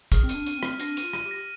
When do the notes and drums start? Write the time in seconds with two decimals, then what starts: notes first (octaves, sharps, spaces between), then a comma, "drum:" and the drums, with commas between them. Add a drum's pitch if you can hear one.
0.12 G#4 F6, drum: kick, hi-hat
0.23 C4
0.29 D#7, drum: hi-hat
0.34 D4
0.47 D#7, drum: hi-hat
0.57 C4
0.63 F6, drum: rim click
0.80 D4 A#6, drum: hi-hat
0.97 D#7, drum: hi-hat
1.02 F4
1.13 D#7, drum: rim click
1.25 G4
1.31 A#6